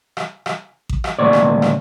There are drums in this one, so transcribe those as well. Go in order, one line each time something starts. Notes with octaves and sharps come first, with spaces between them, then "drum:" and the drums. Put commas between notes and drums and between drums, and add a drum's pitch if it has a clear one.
drum: rim click
drum: rim click
drum: kick A1
drum: rim click
D2 A#2 C#5 D5
drum: rim click
drum: rim click